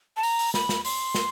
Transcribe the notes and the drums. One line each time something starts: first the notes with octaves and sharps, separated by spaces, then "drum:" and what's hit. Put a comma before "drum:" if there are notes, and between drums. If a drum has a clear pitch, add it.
A5
A#5, drum: open hi-hat
drum: open hi-hat
B5, drum: snare
drum: snare
C6, drum: open hi-hat
drum: snare